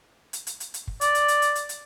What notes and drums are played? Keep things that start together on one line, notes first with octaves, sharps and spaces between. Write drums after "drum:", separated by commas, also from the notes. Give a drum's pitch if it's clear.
drum: hi-hat
drum: hi-hat
drum: hi-hat
drum: hi-hat
drum: kick
D5, drum: hi-hat
drum: hi-hat
drum: hi-hat
drum: hi-hat
drum: hi-hat
drum: hi-hat